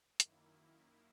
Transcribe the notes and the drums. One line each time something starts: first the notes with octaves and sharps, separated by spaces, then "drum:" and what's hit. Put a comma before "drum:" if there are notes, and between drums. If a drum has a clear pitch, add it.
F#2 D#3 A#3 E4, drum: hi-hat